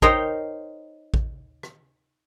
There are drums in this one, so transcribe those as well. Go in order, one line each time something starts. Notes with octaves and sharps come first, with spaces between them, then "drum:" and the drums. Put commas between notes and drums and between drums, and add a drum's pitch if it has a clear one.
D#4 A#4 C5 C#5 D#5 G5, drum: kick A1
drum: kick A1
drum: rim click